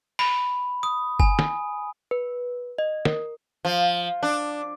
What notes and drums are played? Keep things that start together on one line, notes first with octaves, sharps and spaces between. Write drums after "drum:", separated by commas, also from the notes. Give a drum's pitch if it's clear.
B5, drum: open hi-hat
D#6
G#5, drum: kick F#1
drum: snare
B4
D#5
A#4, drum: snare
F3
D4